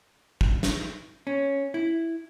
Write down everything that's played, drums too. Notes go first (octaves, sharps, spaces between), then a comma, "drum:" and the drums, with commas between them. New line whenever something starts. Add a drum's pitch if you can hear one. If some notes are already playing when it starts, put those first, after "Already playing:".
drum: kick
drum: snare
C#4
E4